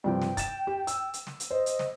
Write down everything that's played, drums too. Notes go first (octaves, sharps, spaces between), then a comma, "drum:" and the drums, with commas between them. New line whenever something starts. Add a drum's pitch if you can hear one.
G2 C3 F3 G5
drum: snare
A6 E7, drum: kick, hi-hat
G4
E6, drum: hi-hat
drum: hi-hat
drum: snare
drum: hi-hat
C5 D#5
drum: hi-hat
drum: snare